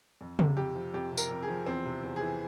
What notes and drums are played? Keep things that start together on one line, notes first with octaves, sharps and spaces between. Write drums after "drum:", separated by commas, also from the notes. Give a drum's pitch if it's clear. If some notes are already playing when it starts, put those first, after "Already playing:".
F2
C3, drum: tom C#3
F2 G4
F3
F2 G4
C3
A#4, drum: tambourine
F2
G#4
F3
E2 C4
C3
E2
G#4
E3